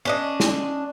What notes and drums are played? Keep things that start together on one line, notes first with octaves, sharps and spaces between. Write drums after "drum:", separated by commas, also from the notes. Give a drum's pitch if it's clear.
C#4 D4 D#5
drum: snare